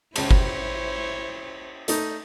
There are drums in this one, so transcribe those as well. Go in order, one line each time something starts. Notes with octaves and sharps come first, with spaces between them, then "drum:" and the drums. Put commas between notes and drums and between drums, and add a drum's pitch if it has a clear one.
C#2 E4 C5 C#5 A5, drum: cymbal
drum: kick F#1
A3 D#4, drum: hi-hat